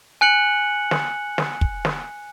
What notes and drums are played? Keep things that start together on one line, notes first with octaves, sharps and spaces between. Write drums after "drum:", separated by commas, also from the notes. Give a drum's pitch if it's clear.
G#5 F#6 C#7 F#7
drum: snare
drum: snare
drum: kick
drum: snare